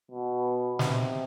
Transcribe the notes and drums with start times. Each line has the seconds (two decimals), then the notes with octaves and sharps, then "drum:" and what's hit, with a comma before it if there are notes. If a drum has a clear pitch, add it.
0.11 B2
0.79 C3, drum: snare